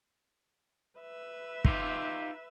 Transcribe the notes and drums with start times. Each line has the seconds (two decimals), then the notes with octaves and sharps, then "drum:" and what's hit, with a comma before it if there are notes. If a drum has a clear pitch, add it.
1.00 B4 E5
1.65 D#4 F4 G4, drum: kick